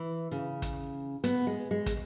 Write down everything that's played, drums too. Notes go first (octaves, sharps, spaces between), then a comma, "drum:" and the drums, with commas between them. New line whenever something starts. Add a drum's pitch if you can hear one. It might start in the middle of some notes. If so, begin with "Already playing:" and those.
Already playing: E3
C#3
drum: kick, hi-hat
B3, drum: hi-hat
G#3
G#3
drum: kick, hi-hat